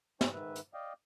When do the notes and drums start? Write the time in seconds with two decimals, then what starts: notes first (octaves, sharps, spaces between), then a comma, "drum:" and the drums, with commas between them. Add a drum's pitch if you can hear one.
0.21 G#3 D#4 C5 C#5 G5 G#5, drum: snare
0.33 G#2 D#3 B4 E5
0.56 drum: hi-hat
0.74 D5 D#5 F5 G5